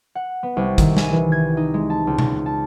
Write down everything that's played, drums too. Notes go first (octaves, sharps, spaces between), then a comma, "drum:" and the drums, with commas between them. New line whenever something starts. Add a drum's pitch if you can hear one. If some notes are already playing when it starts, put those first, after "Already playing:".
F#5
B3
C2
D#3, drum: kick, hi-hat
G#5, drum: snare
E3
G#6
D#4
G#3
A5
C#2
drum: tom B2
A5